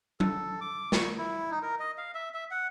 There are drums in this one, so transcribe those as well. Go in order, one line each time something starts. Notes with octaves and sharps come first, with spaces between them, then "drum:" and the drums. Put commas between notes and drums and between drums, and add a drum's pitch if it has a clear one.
A4, drum: tom F#3
D6
C#6, drum: snare
E4
D#4
A#4
D#5
F5
E5
E5
F#5